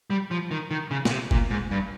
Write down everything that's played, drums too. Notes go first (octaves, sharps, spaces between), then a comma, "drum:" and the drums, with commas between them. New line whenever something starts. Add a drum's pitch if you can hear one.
G3
F3
D#3
D#3
C#3
A#2, drum: snare
C3
A#2, drum: kick G1
G#2
G2